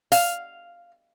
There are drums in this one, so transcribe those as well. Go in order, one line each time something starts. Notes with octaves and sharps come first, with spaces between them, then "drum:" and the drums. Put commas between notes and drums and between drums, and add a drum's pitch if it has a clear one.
F5, drum: open hi-hat